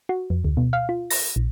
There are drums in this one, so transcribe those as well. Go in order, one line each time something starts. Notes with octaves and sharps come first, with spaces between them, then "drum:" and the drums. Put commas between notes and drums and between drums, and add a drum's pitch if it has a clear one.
F#4
F2
D2
B2
F5
F4
A#6, drum: open hi-hat
A#1